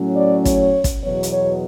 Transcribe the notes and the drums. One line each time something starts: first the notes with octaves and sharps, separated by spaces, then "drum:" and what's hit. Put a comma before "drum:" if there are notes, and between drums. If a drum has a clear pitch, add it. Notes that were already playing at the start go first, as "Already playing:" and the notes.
Already playing: A2 F#3 C#4
D5
C#5, drum: kick, hi-hat
drum: kick, hi-hat
E2 B2 F#3 B3 C#5
drum: hi-hat
C#5